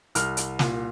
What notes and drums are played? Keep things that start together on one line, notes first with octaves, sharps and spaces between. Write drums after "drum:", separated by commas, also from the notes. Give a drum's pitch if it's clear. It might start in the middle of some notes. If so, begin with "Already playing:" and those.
C2 F6, drum: hi-hat
drum: hi-hat
A#2, drum: snare